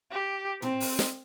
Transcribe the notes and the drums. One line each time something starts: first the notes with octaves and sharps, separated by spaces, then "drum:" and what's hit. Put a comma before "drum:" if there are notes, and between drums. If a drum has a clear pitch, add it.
G4
C4, drum: tom
drum: open hi-hat
drum: snare